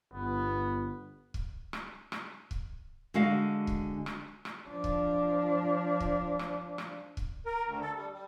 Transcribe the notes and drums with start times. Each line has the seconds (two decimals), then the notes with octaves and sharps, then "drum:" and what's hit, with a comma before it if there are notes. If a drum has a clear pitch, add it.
0.14 G1 B3
1.34 drum: kick
1.73 drum: rim click
2.12 drum: rim click
2.51 drum: kick
3.14 D3 G#3 F#4 F5
3.67 drum: kick
4.06 drum: rim click
4.45 drum: rim click
4.69 F3 D4
4.84 drum: kick
6.00 drum: kick
6.39 drum: rim click
6.78 drum: rim click
7.17 drum: kick
7.46 A#4
7.65 D2
7.81 A4
7.95 G3
8.12 G3